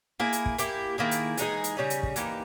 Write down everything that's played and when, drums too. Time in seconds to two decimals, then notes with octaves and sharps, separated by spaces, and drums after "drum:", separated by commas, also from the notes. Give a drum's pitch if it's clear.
0.20 A#3 E4 G#4
0.33 drum: hi-hat
0.46 drum: kick
0.58 A#3 E4 G4, drum: hi-hat
0.98 D#3 A#3 E4 G#4
1.11 drum: hi-hat
1.37 E3 G#3 D#4 G#4, drum: hi-hat
1.64 drum: hi-hat
1.77 C#3 G3 C#4 G#4
1.90 drum: hi-hat
2.03 drum: kick
2.16 E3 A#3 D#4 G4, drum: hi-hat